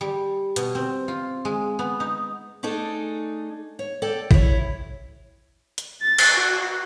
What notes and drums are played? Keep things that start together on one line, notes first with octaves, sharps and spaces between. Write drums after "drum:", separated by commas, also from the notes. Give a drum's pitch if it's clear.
G3
B2, drum: hi-hat
C4
F4
G#3
B3
D#4
A3 D4 D#4 G#4 A4
C#5
A4 D5 G5
E4 C#5, drum: kick A1
drum: hi-hat
A6
drum: cymbal
F#4